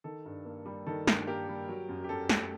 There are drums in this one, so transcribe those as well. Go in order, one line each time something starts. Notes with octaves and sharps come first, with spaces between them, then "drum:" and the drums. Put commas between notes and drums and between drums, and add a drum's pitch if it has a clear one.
D#3 A4
G2
A#3
G3
D#3 A4
G2, drum: snare
A#3 G4 A#4
G3
F#3
F#2
G4
F#2 A4
A3, drum: snare